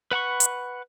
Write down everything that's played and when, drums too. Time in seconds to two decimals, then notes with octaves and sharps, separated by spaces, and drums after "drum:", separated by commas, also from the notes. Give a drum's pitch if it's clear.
0.11 B4 F#5 B5 C#6
0.40 drum: hi-hat